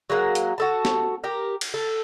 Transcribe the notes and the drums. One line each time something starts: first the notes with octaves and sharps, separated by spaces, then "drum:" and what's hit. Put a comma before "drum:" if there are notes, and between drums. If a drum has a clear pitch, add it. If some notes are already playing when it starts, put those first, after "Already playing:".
F#3 G#3 A#3 F#5
drum: hi-hat
F#4 A4 A5
drum: snare
G4 A#4
drum: cymbal
A4